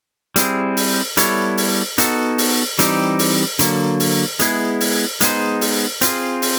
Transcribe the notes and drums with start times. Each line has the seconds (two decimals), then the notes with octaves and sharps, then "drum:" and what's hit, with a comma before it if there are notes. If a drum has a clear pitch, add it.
0.36 G3 C4 E4 G#4, drum: hi-hat
0.77 drum: open hi-hat
1.17 G3 B3 E4 A4 C#5, drum: hi-hat
1.57 drum: open hi-hat
1.98 B3 D#4 F#4 A4, drum: hi-hat
2.38 drum: open hi-hat
2.79 E3 G3 C4 D#4 G4, drum: hi-hat
3.19 drum: open hi-hat
3.59 D3 F#3 A#3, drum: hi-hat
4.00 drum: open hi-hat
4.39 G#3 B3 E4 G#4, drum: hi-hat
4.80 drum: open hi-hat
5.21 G#3 B3 D#4 G#4 C5, drum: hi-hat
5.61 drum: open hi-hat
6.01 C4 F4 G#4, drum: hi-hat
6.42 drum: open hi-hat